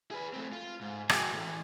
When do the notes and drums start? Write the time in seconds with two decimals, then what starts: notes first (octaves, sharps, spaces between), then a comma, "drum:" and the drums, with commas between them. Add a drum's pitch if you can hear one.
0.11 G#4 B4
0.34 A3 C4
0.52 F4
0.81 G#2
1.09 F#4 G#4, drum: rim click
1.32 A2 E3